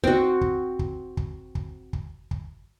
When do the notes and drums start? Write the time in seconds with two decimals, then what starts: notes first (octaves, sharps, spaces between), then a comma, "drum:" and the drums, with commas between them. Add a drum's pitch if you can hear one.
0.04 C4 F#4, drum: kick
0.41 drum: kick
0.79 drum: kick
1.17 drum: kick
1.55 drum: kick
1.93 drum: kick
2.31 drum: kick